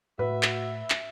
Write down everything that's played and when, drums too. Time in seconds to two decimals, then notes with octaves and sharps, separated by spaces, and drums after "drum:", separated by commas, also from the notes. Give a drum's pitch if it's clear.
0.19 A2 F#4 B4 E5
0.43 drum: clap
0.90 drum: clap